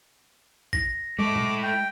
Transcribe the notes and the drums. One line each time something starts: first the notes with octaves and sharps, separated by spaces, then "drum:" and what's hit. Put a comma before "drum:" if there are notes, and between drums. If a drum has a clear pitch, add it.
A#6, drum: kick A1
G#3 A3 E4 D6
drum: tom A#2
G5